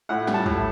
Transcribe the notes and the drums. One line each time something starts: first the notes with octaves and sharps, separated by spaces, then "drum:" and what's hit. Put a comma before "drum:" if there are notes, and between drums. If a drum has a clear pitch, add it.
A2 F#5
G3, drum: snare
A5
A2, drum: tom